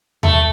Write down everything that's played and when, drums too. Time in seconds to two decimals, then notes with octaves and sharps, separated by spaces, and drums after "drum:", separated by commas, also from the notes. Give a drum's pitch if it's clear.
0.23 A3, drum: tom D#2